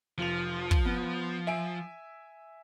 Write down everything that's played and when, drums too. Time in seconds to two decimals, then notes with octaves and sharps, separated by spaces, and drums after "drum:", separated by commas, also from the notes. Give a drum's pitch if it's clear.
0.18 F1 F3 F4 F7
0.71 drum: kick
0.85 B3
1.47 E5 G#5 D7